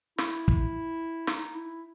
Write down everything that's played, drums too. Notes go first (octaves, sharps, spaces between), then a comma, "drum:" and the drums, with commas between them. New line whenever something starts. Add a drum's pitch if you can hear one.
E4, drum: snare
drum: kick
D#4, drum: snare
E4